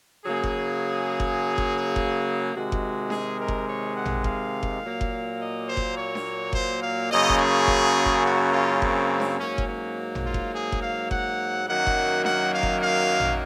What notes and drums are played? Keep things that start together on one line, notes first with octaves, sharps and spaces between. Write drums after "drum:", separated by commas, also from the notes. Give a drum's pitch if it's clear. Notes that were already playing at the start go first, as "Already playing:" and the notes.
C#3 F#3 A#3 G#4
drum: kick F#1
drum: kick F#1
drum: kick F#1
drum: kick F#1
C3 D#3 G#3 F#4
drum: kick F#1
G#4, drum: snare D4
A#4
drum: kick F#1
C#5
F#5
drum: tom
F5, drum: kick F#1
drum: kick F#1
A#2 F#3 A#3
drum: kick F#1
D#5
C5
drum: kick F#1
C#5
drum: snare D4
C5, drum: kick F#1
F5
F#2 C#3 F#3 A#3 D#5
drum: kick F#1
G#4
drum: kick F#1
drum: kick F#1
F#4
F4
C4, drum: kick F#1
drum: snare D4
G#2 F#3 A#3 C#4
drum: kick F#1
C#4
drum: tom
F4
drum: kick F#1
G#4
drum: kick F#1
F5
F#5, drum: kick F#1
F#2 D#3 F#3 A#3 F#5
drum: kick F#1
F#5, drum: snare D4
F5
drum: kick F#1
F5
drum: tom